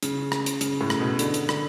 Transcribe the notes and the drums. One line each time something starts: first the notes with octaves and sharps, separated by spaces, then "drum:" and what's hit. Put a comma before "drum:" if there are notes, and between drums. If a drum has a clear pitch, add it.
C#3, drum: hi-hat
drum: rim click
drum: hi-hat
C#3, drum: hi-hat
A2
drum: rim click
B2
D3, drum: hi-hat
drum: hi-hat
D3, drum: rim click